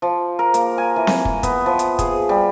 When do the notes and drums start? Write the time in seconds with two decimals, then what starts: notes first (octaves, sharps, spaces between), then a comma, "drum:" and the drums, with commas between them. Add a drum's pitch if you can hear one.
0.02 F3
0.39 A#4
0.54 A#3, drum: hi-hat
0.78 G#5
0.96 E3
1.07 drum: snare C4
1.25 drum: kick
1.43 B3, drum: kick, hi-hat
1.66 F3
1.79 drum: hi-hat
1.99 G#4, drum: kick, hi-hat
2.29 G3